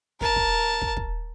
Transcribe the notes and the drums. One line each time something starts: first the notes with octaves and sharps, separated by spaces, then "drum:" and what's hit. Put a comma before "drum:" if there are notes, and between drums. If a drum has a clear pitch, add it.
A#4 A5, drum: kick
drum: kick
drum: kick
drum: kick